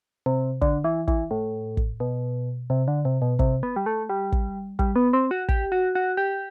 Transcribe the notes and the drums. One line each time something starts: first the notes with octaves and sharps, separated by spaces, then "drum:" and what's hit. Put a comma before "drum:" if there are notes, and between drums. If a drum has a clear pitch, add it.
C3
D3, drum: kick
E3
E3, drum: kick
A2
drum: kick
B2
C3
D3
C3
B2
C3, drum: kick
B3
G3
A3
G3
drum: kick
G3, drum: kick
B3
C4
F#4
G4, drum: kick
F#4
F#4
G4